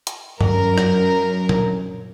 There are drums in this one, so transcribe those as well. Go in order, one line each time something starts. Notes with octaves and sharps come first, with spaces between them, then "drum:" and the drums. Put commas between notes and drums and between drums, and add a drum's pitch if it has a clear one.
drum: hi-hat
F#2 A#4, drum: tom G2
drum: rim click
drum: tom A#2